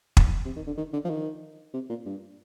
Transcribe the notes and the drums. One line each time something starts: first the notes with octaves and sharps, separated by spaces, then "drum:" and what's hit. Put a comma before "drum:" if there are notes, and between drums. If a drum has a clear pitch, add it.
drum: kick
C3
D#3
D3
D#3
D3
F3
D#3
C3
A#2
G2